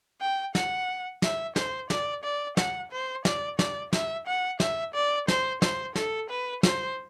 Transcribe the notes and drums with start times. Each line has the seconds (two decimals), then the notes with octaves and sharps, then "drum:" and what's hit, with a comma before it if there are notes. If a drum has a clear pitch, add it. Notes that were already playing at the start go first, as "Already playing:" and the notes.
0.21 G5
0.55 F#5, drum: snare
1.22 E5, drum: snare
1.56 C5, drum: snare
1.90 D5, drum: snare
2.24 D5
2.57 F#5, drum: snare
2.92 C5
3.25 D5, drum: snare
3.59 D5, drum: snare
3.93 E5, drum: snare
4.27 F#5
4.60 E5, drum: snare
4.94 D5
5.28 C5, drum: snare
5.62 C5, drum: snare
5.96 A4, drum: snare
6.30 B4
6.63 C5, drum: snare